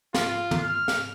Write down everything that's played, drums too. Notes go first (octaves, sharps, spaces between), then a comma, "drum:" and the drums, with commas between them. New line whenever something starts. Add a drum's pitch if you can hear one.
F4, drum: snare
drum: tom
F6
drum: snare